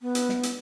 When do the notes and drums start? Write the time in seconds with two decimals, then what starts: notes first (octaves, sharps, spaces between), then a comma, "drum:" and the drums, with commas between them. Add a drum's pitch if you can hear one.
0.01 B3
0.15 drum: hi-hat
0.29 drum: snare
0.43 drum: hi-hat